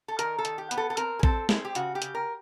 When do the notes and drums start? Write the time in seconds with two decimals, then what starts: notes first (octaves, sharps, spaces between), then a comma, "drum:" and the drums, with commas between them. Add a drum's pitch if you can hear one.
0.08 A4
0.19 D#3 A#4, drum: hi-hat
0.38 A4
0.45 D#3, drum: hi-hat
0.58 G4
0.71 B3, drum: hi-hat
0.77 A4
0.90 A4
0.97 C4 A#4, drum: hi-hat
1.19 G#4
1.23 C4 A4, drum: kick A1
1.49 C4 G#4, drum: snare
1.65 G4
1.75 C#3 F#4, drum: hi-hat
1.95 G4
2.02 C#3, drum: hi-hat
2.15 A#4